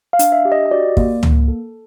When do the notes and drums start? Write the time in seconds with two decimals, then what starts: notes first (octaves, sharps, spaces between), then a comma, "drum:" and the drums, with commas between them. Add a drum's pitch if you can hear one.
0.13 F5
0.19 D4, drum: hi-hat
0.32 E5
0.45 G4
0.52 D#5
0.66 D#5
0.71 F#4 D5
0.97 A#3, drum: kick
1.23 A#3, drum: tom C#2
1.48 A4